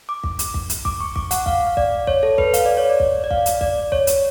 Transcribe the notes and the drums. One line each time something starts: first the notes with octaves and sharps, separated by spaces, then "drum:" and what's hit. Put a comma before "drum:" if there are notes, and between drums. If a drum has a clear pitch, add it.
D6
drum: kick
drum: hi-hat
drum: kick
drum: hi-hat
D6, drum: kick
C#6
D6, drum: kick
F#5, drum: hi-hat
F5, drum: kick
F5
D5, drum: kick
C#5, drum: kick
A4
B4, drum: kick
F5, drum: hi-hat
D5
C#5
D5
drum: kick
D5
F5, drum: kick
drum: hi-hat
D5, drum: kick
C#5, drum: kick
drum: hi-hat